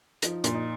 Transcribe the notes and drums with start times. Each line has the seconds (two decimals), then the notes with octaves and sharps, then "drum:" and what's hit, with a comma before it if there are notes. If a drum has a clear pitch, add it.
0.22 F3 D#4, drum: hi-hat
0.44 A#2, drum: hi-hat
0.54 D#4